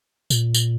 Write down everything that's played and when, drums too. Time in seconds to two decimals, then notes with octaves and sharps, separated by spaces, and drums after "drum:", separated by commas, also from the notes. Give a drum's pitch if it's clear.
0.30 A#2, drum: tambourine
0.54 drum: tambourine